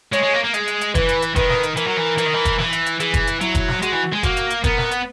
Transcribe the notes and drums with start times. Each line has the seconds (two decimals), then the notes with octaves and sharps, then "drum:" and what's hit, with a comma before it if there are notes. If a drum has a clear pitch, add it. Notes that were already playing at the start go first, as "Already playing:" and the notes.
0.13 G#3 C#5, drum: hi-hat
0.23 G#3
0.34 A#3
0.44 A#3
0.54 G#3, drum: hi-hat
0.68 drum: hi-hat
0.81 drum: hi-hat
0.95 E3 B4, drum: kick, hi-hat
1.09 drum: hi-hat
1.22 drum: hi-hat
1.36 D#3 B4, drum: kick, hi-hat
1.50 drum: snare
1.63 drum: hi-hat
1.77 E3 A#4, drum: hi-hat
1.88 F#3
1.97 E3
2.18 E3, drum: hi-hat
2.26 D#3
2.34 E3
2.45 drum: kick, hi-hat
2.59 E3, drum: snare
2.73 drum: hi-hat
2.86 drum: hi-hat
3.00 E3 G#4, drum: hi-hat
3.14 drum: kick, hi-hat
3.27 drum: hi-hat
3.41 F#3 E4, drum: hi-hat
3.55 drum: kick, hi-hat
3.68 drum: snare
3.82 G#3 F#4, drum: hi-hat
3.92 E3
4.13 G#3
4.23 A#3 F#4, drum: kick, hi-hat
4.37 drum: hi-hat
4.50 drum: hi-hat
4.64 B3 A#4, drum: kick, hi-hat
4.78 drum: snare
4.91 drum: hi-hat